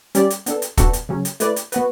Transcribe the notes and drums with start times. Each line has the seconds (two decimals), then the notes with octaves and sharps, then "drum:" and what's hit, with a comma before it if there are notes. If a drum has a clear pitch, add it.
0.15 G3 C#4 G4 D5, drum: hi-hat
0.30 drum: hi-hat
0.46 B3 D4 A4, drum: hi-hat
0.62 drum: hi-hat
0.77 B3 D4 F#4 A4, drum: kick, hi-hat
0.93 drum: hi-hat
1.09 C#3 F#3 C#4
1.25 drum: hi-hat
1.40 A3 E4 B4 D5, drum: hi-hat
1.56 drum: hi-hat
1.72 B3 F#4 B4, drum: hi-hat